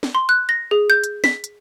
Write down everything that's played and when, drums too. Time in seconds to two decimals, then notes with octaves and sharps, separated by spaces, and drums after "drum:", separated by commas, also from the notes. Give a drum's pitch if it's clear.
0.03 drum: snare
0.15 C6
0.29 F#6
0.49 A#6
0.71 G#4
0.90 G6
1.04 drum: hi-hat
1.24 B6, drum: snare
1.44 drum: hi-hat